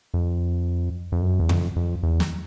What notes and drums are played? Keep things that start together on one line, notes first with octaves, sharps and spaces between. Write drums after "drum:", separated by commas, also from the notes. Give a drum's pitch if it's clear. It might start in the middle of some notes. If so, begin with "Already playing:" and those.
F2
F2
F#2
E2
F2, drum: tom F2
F2
E2
drum: snare